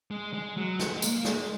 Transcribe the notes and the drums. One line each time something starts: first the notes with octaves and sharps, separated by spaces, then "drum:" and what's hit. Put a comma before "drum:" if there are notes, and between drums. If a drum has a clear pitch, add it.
G#3
G#3
F#3
G#3, drum: snare
G#3
A#3, drum: tambourine
G#3, drum: snare